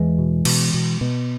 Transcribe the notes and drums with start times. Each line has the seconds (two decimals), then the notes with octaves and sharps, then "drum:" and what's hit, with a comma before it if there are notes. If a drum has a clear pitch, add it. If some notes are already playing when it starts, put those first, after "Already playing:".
Already playing: E2 E3 G#3
0.18 B2
0.45 B2, drum: cymbal
0.74 B2
1.01 B2